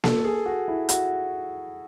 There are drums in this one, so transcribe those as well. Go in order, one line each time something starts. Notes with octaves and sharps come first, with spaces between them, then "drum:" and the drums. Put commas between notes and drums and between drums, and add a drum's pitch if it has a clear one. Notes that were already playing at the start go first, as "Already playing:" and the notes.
A4, drum: snare A#3
G#4
F#4
E4
F#4, drum: hi-hat